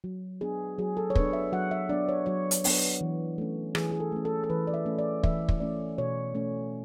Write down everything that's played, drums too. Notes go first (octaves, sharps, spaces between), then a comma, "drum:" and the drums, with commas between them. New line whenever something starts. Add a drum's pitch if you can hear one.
F#3
B3 D4 G#4
F#3 G#4
A4
C#5
B3 D4 B4, drum: kick
E5
F#3 F#5
E5
B3 D4 D5
C#5
F#3 C#5
C#5, drum: hi-hat
B3 D4, drum: open hi-hat
E3
A3 C#4
E3 G#4, drum: rim click
G#4
A4
A3 C#4
A4
A4
E3 B4
D5
E5
A3 C#4
D5
E3 E5, drum: kick
drum: kick
A3 C#4 D5
B2 C#5
A3 C#4